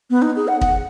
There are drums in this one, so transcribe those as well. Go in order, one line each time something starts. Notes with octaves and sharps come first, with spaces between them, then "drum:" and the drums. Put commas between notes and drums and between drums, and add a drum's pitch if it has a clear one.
B3
D#4
G#4
F#5
F#5, drum: kick